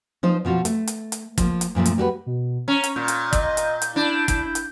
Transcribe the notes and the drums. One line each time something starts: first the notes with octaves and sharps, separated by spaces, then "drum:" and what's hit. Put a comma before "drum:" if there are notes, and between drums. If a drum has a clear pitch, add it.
F3 D#4 C5
B2 F3 F4 F#4
A3, drum: hi-hat
drum: hi-hat
drum: hi-hat
F3 A#3, drum: kick, hi-hat
drum: hi-hat
F#2 A#2 F3 A3
drum: hi-hat
G3 F#4 A4 B4
B2
C#4 A#5
drum: hi-hat
A#2 G6
drum: hi-hat
D#5, drum: kick, hi-hat
drum: hi-hat
drum: hi-hat
D4 E4
E4, drum: kick, hi-hat
drum: hi-hat